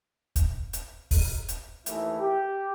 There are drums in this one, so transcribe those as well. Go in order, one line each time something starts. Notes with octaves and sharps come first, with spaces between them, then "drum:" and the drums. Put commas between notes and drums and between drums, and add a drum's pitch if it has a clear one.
drum: kick, hi-hat
drum: hi-hat
drum: kick, open hi-hat
drum: hi-hat
D#2 E3 A3 E4 A#4, drum: hi-hat
G4